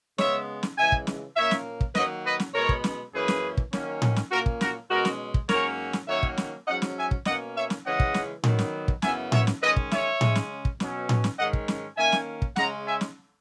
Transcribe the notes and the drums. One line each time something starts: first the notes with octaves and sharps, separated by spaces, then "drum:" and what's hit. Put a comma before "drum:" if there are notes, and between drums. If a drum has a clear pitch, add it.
C#3 G#3 B3 C#5 E5, drum: snare
drum: snare
C#3 E3 G#3 E5 G#5
drum: kick
drum: snare
A#2 A#3 C#4 C#5 E5
drum: snare
drum: kick
D#3 F#3 A#3 B4 D#5, drum: snare
B4 D#5
drum: snare
B2 G#3 B3 A#4 C#5
drum: kick
drum: snare
F#2 E3 A#3 C#4 G#4 B4
drum: snare
drum: kick
D#3 F#3 A#3 C#4, drum: snare
drum: tom A2
drum: snare
A#2 A#3 C#4 F#4 A#4
drum: kick
F#4 A#4, drum: snare
B2 G#3 C#4 F#4 A#4
drum: snare
drum: kick
G#2 F#3 A#3 C#4 A#4 C#5, drum: snare
drum: snare
D#3 F#3 A#3 C#4 C#5 E5
drum: kick
drum: snare
G#2 F#3 C#4 D#5 F#5
drum: snare
E5 G#5
drum: kick
B2 A#3 C#4 D#5 F#5, drum: snare
C#5 E5
drum: snare
C#3 E3 G#3 C#4 D#5 F#5
drum: kick
drum: snare
D#3 F#3 B3, drum: tom A2
drum: snare
drum: kick
F#2 C#3 E3 B3 E5 G#5, drum: snare
C#5 E5, drum: tom A2
drum: snare
D#3 G#3 C#4 B4 D#5
drum: kick
C#5 E5, drum: snare
C#3 G#3 C#4, drum: tom A2
drum: snare
drum: kick
B2 F#3 C#4, drum: snare
drum: tom A2
drum: snare
G#2 D#3 G#3 C#4 D#5 F#5
drum: kick
drum: snare
D#3 A#3 C#4 E5 G#5
drum: snare
drum: kick
C#3 G#3 C#4 F#5 A#5, drum: snare
E5 G#5
drum: snare